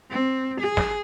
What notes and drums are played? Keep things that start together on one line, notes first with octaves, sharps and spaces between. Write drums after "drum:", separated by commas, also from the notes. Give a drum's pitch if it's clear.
C4
G#4
drum: snare